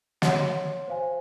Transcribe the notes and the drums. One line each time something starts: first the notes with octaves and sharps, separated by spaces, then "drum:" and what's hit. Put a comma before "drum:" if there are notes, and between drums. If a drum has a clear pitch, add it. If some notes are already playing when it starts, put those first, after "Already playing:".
F#4 C#5 F#5 C6, drum: snare
C5 F5 G#5